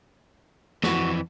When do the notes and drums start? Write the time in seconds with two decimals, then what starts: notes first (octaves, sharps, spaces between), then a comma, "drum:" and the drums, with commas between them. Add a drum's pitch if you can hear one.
0.83 F2 E3 F#4, drum: snare